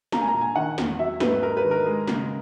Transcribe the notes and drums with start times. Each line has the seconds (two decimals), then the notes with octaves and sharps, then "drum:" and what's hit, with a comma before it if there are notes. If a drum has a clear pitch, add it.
0.12 A#3 A#5, drum: snare
0.21 G#5
0.28 A#5
0.34 A#2
0.41 G#5
0.56 D#3 F#5
0.78 E2, drum: snare
0.99 F#3 E5
1.20 G#2 B4, drum: snare
1.42 G#3 A#4
1.57 B4
1.64 D#3
1.71 A#4
1.86 G#3
2.07 C#3, drum: snare